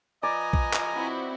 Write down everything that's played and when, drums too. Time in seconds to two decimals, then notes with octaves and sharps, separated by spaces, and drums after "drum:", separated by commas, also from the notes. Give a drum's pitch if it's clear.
0.23 F3 B4 D5 D#5 G#5 A#5
0.53 drum: kick A#1
0.74 drum: clap
0.94 C4 E4 F#4